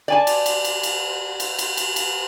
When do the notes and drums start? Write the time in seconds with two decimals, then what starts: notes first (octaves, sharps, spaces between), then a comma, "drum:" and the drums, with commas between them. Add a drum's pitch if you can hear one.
0.08 D5 G#5 A5
0.27 drum: cymbal
0.46 drum: cymbal
0.65 drum: cymbal
0.83 drum: cymbal
1.40 drum: cymbal
1.59 drum: cymbal
1.77 drum: cymbal
1.96 drum: cymbal